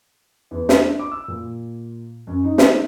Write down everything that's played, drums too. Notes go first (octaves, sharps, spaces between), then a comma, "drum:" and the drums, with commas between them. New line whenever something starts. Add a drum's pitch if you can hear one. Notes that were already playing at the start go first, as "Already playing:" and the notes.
E2
D4, drum: snare
D6
E6
A#2
F#2
D#4
drum: snare